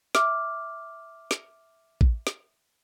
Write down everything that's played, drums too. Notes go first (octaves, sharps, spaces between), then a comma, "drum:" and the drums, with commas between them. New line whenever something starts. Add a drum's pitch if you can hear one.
E5 D6 F6, drum: snare
drum: snare
drum: kick A1
drum: snare